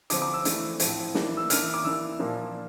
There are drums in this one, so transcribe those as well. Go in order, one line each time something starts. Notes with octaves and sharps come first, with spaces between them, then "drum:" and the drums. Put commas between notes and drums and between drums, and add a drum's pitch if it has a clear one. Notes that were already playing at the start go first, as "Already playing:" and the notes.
D3 F3 C4 D6, drum: hi-hat
D6
E6
E3 A3 D4, drum: hi-hat
A2 F3 C4, drum: hi-hat
E3 A#3 D4, drum: snare
E6
E3 A#3 D4 F6, drum: hi-hat
D6
E3 A#3 D4 E6
A#2 F3 A#3 D4